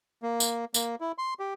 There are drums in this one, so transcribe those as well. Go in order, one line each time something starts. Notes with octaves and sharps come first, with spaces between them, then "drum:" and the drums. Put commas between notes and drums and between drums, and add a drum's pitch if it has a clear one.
A#3
drum: tambourine
A#3, drum: tambourine
E4
C6
G4